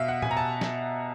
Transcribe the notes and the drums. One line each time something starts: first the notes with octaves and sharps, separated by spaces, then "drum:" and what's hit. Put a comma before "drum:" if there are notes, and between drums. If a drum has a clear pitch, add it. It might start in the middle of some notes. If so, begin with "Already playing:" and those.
Already playing: B2 E5 F5
F#5
B2 G#5, drum: tom
A#5
A5
drum: snare